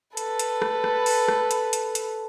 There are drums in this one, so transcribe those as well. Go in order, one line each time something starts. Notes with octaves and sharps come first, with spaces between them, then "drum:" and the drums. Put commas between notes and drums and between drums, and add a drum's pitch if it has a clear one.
A4 B4, drum: hi-hat
drum: hi-hat
drum: rim click
drum: rim click
drum: open hi-hat
drum: rim click
drum: hi-hat
drum: hi-hat
drum: hi-hat